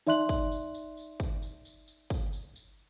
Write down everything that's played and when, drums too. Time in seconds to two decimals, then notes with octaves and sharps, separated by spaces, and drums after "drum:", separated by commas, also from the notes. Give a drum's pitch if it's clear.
0.07 D#4 D5 E5 C6 F#6 F#7, drum: tambourine
0.29 drum: kick, tambourine
0.52 drum: tambourine
0.74 drum: tambourine
0.97 drum: tambourine
1.20 drum: kick, tambourine
1.42 drum: tambourine
1.65 drum: tambourine
1.88 drum: tambourine
2.10 drum: kick, tambourine
2.33 drum: tambourine
2.56 drum: tambourine